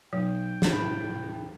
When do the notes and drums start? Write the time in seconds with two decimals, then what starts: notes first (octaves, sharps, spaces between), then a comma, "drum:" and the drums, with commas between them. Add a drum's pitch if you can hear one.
0.13 B1 F#3 G5
0.62 drum: snare
0.72 A2 B5